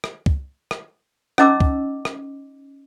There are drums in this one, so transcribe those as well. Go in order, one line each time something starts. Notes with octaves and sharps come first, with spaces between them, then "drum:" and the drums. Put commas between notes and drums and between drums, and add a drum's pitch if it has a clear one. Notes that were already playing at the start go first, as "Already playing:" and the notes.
drum: rim click
drum: kick
drum: rim click
C#4 D#4 D#5 A#5 D6 E6, drum: rim click
drum: kick
drum: rim click